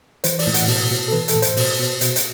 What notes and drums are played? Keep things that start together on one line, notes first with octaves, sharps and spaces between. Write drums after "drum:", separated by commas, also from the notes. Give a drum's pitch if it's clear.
E3 C5, drum: hi-hat
D5, drum: open hi-hat
A2
F#5, drum: hi-hat
B2, drum: open hi-hat
B2
A4
E3 B4
A4, drum: hi-hat
A2
C5, drum: hi-hat
B2, drum: open hi-hat
B2
B2, drum: hi-hat
drum: hi-hat